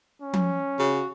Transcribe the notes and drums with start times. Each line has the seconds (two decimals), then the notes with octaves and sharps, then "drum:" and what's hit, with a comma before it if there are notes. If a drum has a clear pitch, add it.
0.22 C#4
0.33 drum: tom F3
0.79 C#3 F#4